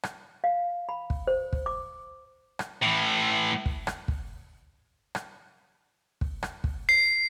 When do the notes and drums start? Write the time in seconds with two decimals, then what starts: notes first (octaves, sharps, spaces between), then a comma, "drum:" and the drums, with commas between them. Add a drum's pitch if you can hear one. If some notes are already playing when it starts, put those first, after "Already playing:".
0.03 drum: rim click
0.44 F5
0.89 B5
1.10 drum: kick
1.27 C5
1.53 drum: kick
1.66 D6
2.59 drum: rim click
2.83 A2 E3
3.66 drum: kick
3.87 drum: rim click
4.08 drum: kick
5.15 drum: rim click
6.21 drum: kick
6.43 drum: rim click
6.64 drum: kick
6.89 C7